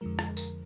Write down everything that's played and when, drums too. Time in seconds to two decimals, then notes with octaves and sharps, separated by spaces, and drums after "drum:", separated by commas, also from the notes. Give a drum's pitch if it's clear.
0.01 F2 D3 F3 G#3 A#4
0.19 drum: rim click
0.37 A#4, drum: tambourine